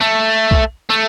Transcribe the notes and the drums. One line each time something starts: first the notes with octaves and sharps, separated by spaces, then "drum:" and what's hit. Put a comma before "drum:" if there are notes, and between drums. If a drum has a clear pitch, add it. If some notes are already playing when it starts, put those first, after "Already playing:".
A3
drum: kick
A3